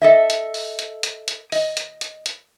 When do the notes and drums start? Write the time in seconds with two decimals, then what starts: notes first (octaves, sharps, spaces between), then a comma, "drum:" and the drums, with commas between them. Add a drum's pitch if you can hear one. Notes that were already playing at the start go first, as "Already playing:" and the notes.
0.02 A4 D#5 E5
0.30 drum: hi-hat
0.54 drum: open hi-hat
0.79 drum: hi-hat
1.03 drum: hi-hat
1.28 drum: hi-hat
1.52 D#5, drum: open hi-hat
1.77 drum: hi-hat
2.01 drum: hi-hat
2.26 drum: hi-hat